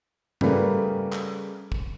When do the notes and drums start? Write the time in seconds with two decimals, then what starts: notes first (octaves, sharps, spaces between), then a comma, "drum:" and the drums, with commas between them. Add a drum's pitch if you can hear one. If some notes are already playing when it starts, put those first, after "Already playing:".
0.41 C#3 G3 A3 A#3 B4, drum: tom G2
1.12 drum: clap
1.72 drum: kick